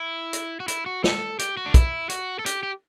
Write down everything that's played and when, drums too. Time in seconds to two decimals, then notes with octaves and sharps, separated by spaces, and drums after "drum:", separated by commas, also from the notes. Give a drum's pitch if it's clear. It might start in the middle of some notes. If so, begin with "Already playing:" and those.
Already playing: E4
0.33 drum: hi-hat
0.60 F#4
0.68 E4, drum: hi-hat
0.86 F#4
1.04 A4, drum: snare
1.39 G4, drum: hi-hat
1.57 F#4
1.66 D4
1.74 E4, drum: kick, hi-hat
2.10 F#4, drum: hi-hat
2.39 A4
2.46 G4, drum: hi-hat
2.63 G4